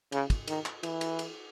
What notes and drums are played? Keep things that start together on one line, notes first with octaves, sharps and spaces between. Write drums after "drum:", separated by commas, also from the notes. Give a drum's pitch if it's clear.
C#3, drum: cymbal
drum: kick, cymbal
D#3, drum: cymbal
drum: clap
E3, drum: cymbal
drum: cymbal
drum: cymbal